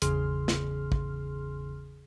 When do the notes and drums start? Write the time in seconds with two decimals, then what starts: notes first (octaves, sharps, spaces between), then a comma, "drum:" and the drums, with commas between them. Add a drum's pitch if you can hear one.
0.02 G#1 E2 C#3 G#4 C6 F6, drum: hi-hat
0.48 drum: snare
0.92 drum: kick